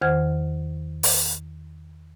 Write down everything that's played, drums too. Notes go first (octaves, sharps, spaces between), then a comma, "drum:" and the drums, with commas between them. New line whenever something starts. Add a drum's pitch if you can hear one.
E2 D#3 C5 F#5 F6 G#6
drum: open hi-hat